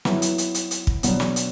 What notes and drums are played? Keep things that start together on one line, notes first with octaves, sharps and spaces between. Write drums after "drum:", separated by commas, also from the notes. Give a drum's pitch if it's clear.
F#3 B3 E4, drum: snare
drum: hi-hat
drum: hi-hat
drum: hi-hat
drum: hi-hat
drum: kick
B2 F#3 B3 D4, drum: hi-hat
drum: snare
drum: hi-hat